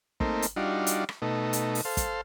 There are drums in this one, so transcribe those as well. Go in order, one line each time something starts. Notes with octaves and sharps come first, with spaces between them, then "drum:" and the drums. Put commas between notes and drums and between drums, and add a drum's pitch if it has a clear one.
A3 A#3 C4 D#4, drum: kick
drum: hi-hat
G3 D4 D#4 F4 F#4
drum: hi-hat
drum: rim click
B2 A3 D#4
drum: hi-hat
drum: open hi-hat
A4 C5 F5
drum: kick, hi-hat